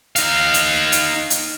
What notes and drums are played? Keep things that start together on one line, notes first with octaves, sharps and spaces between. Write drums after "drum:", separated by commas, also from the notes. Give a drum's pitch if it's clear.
D#4 F5, drum: hi-hat
drum: hi-hat
drum: hi-hat
drum: hi-hat